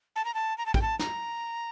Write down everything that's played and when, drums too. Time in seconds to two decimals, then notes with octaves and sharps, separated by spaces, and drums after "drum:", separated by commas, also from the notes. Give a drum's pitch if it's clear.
0.16 A5
0.25 A#5
0.34 A5
0.58 A#5
0.66 A5
0.74 G5, drum: kick
0.82 A5
0.99 A#5, drum: snare